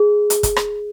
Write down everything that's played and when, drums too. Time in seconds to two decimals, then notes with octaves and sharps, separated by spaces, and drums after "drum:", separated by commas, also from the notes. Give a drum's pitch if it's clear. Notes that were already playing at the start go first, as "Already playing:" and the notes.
Already playing: G#4
0.30 drum: hi-hat
0.43 drum: kick, hi-hat
0.56 drum: rim click